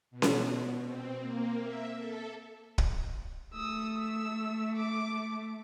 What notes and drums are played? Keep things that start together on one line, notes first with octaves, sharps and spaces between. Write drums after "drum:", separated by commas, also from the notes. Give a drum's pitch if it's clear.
B2
drum: snare C#4
C4
A#3
E5
A4
drum: kick
A3 D#6 E6
E6
D6